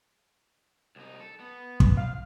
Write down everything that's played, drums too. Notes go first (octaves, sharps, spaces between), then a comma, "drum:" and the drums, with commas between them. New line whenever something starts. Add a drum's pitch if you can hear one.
C2 D#4
A4
B3
drum: kick
F5